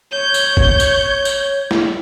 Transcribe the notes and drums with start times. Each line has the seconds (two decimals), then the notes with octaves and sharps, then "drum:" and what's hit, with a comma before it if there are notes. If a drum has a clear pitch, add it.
0.11 C#5 G6
0.34 drum: tambourine
0.57 drum: kick
0.80 drum: tambourine
1.25 drum: tambourine
1.71 drum: snare